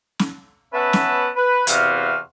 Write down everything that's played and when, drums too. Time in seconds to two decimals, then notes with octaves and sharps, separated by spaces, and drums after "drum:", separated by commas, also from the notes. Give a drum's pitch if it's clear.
0.19 drum: snare
0.73 B3 C#4 B4 E5 F#5 A5
0.93 drum: snare
1.36 B4
1.67 E2 C3 E3 F#4 F5 F6, drum: hi-hat